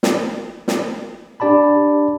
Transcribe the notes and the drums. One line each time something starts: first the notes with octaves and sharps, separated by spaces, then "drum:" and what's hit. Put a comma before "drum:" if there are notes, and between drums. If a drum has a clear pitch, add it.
drum: snare
drum: snare
D4 G4 D5 A5 B5